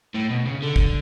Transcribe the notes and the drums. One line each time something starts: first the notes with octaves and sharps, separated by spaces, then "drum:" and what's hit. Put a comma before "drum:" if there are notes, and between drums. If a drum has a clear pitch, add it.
A2
B2
C#3
D3
drum: kick